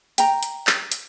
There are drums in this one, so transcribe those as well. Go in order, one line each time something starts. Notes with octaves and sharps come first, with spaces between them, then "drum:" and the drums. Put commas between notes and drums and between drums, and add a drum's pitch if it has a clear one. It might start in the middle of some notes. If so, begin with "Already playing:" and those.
G5 A#5, drum: hi-hat
drum: hi-hat
drum: clap
drum: hi-hat